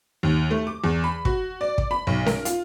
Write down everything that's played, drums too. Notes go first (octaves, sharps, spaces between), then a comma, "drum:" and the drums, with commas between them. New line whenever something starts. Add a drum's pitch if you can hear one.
D#2
A3
D6
E2
B5
F#4, drum: kick
D5
drum: kick
B5
B1
A#4, drum: snare C#4
F4, drum: hi-hat